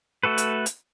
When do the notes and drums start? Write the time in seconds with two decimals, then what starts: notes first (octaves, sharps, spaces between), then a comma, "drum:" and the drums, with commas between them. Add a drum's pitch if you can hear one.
0.23 A3 F#4 A4 B4
0.38 drum: hi-hat
0.66 drum: hi-hat